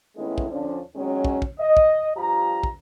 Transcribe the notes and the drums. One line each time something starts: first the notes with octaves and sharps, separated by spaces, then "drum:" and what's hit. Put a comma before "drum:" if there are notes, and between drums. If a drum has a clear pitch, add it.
D#3 G#3 A3 B3 C#4 E4
drum: kick
D3 F3 C#4 D4
A#2 D#3 F#3 G#3 C#4
drum: kick
drum: kick
D#5
drum: kick
G2 F3 F4 G4 A#5
drum: kick